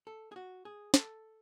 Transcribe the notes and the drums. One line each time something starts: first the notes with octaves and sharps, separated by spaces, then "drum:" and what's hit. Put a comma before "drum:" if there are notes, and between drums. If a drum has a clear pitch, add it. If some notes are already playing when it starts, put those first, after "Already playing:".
A4
G#4
F#4
G#4
A4, drum: snare